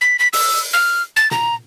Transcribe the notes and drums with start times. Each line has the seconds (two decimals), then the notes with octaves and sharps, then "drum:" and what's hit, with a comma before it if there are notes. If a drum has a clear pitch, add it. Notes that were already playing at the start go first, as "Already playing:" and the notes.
0.01 B6
0.19 B6
0.33 E6, drum: open hi-hat
0.73 F6
1.16 A6
1.31 A#5, drum: tom